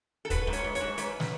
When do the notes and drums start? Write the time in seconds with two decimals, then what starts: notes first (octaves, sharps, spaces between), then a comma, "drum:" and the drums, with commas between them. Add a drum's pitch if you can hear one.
0.25 A4
0.30 F#3 B4, drum: kick, hi-hat
0.47 G#2
0.53 C#5, drum: hi-hat
0.64 G#2
0.75 C#5, drum: hi-hat
0.81 G#2
0.98 G#2 B4, drum: hi-hat
1.20 drum: snare